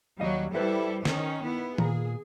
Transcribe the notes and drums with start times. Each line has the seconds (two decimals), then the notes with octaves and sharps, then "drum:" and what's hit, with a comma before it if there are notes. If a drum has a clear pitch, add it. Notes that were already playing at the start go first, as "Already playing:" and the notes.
0.20 D#2 F#3 G3 D#5 F5
0.55 G3 E4 A4 B4 C5 E5
1.05 D#3 C#4 D#4, drum: snare
1.45 B3 E4
1.78 A#2 G#4 A#5, drum: tom D#3